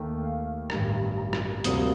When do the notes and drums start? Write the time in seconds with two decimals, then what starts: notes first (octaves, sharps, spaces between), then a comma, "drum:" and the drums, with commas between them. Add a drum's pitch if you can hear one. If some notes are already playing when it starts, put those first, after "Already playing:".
Already playing: D#2 D#3 A3 G5
0.23 F5
0.70 A1 G2 D#3 A#5, drum: rim click
1.18 A#5
1.33 drum: rim click
1.64 D2 C3 G3 A#3 D#6, drum: hi-hat